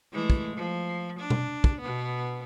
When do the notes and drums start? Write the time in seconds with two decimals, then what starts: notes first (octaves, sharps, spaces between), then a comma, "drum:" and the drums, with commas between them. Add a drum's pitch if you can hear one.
0.13 E3 G#3 A3
0.30 drum: kick
0.56 F3
1.20 D4
1.30 drum: tom B2
1.64 drum: kick
1.81 B2 B3